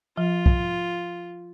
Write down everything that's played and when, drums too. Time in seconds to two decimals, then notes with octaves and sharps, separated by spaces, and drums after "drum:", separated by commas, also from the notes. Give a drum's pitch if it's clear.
0.18 F3 F4
0.46 drum: kick